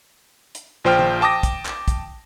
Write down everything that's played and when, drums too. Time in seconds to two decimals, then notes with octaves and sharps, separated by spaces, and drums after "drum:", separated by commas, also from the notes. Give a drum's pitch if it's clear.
0.55 drum: hi-hat
0.84 A#1 F3 C5 G5 F6
0.99 drum: tom
1.21 G5 A5 D6 D#6 A#6
1.43 drum: kick, hi-hat
1.65 drum: clap
1.88 drum: kick, hi-hat